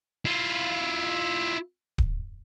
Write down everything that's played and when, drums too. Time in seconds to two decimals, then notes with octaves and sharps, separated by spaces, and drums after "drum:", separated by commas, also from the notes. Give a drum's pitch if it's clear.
0.25 E4 F4
1.98 drum: kick D1